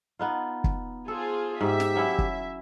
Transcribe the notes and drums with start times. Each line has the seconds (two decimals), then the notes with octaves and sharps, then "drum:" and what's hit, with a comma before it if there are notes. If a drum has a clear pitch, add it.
0.19 B3 D#4 F4
0.64 drum: kick
1.08 F4 G#4 A4 C5
1.61 G#2 G4 E5
1.80 drum: snare
1.95 F#3 C#4 E4
2.18 drum: kick